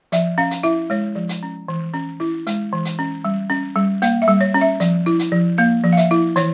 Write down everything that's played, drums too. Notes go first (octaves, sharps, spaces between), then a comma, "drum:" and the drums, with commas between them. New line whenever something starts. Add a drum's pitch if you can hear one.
F3 E5, drum: hi-hat
C#4 F5
drum: hi-hat
E4 E5
G#3 C#5
F3
drum: hi-hat
C#4
E3
C#4
E4
G#3, drum: hi-hat
E3
drum: hi-hat
C#4
G3
C#4
G3
A#3 F5, drum: hi-hat
E5
G3
C#5
C#4
E5
F3, drum: hi-hat
E4
drum: hi-hat
F3
A#3 F5
F3
F5
E5, drum: hi-hat
E4
E3 C#5, drum: hi-hat